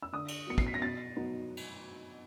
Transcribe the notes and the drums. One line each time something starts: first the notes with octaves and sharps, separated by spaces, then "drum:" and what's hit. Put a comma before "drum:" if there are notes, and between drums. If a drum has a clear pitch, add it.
E6
D3 D#6
drum: cymbal
F#3 B3 C#7
C7, drum: kick
B6
A#6
B2 A6
F#3 B3 D#4
drum: cymbal